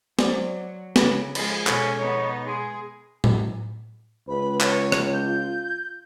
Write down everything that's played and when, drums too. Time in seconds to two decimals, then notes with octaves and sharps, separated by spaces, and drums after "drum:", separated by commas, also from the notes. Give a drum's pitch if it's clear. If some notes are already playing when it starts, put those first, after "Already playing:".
0.19 F#3 C5 D5, drum: snare
0.96 C#3 B4 A#6, drum: snare
1.35 F3 G#3 G#4 B5, drum: cymbal
1.67 B2 C#4 A4, drum: clap
1.98 B3 D#4 C#5
2.46 G#3 G#4
3.24 drum: tom A2
4.28 C#2 B4 B5
4.61 C#5, drum: clap
4.92 drum: rim click
5.14 F4 G6